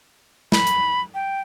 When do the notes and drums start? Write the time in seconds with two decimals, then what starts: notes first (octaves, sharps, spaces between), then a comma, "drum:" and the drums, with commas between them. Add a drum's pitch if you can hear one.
0.52 B5, drum: snare
0.67 drum: hi-hat
1.14 G5